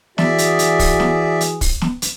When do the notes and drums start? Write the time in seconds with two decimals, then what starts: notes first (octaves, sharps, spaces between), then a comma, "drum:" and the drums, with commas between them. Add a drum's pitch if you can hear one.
0.18 E3 F#4 G#4 D5 E5, drum: snare
0.38 drum: hi-hat
0.59 drum: hi-hat
0.79 drum: kick, open hi-hat
1.00 drum: snare
1.41 drum: hi-hat
1.61 drum: kick, open hi-hat
1.81 drum: snare
2.02 drum: hi-hat